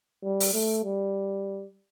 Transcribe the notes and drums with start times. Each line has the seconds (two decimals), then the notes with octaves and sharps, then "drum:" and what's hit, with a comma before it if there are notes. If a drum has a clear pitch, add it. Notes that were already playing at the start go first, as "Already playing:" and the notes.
0.24 G3
0.40 drum: open hi-hat
0.54 A3
0.85 G3